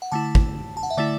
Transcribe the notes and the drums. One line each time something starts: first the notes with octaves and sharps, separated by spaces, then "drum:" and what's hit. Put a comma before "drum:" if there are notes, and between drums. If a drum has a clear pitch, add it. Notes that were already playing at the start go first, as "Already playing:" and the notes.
F#5
D3 A3 E4 A5
drum: kick
A5
F#5
E5
D3 A3 E4 D5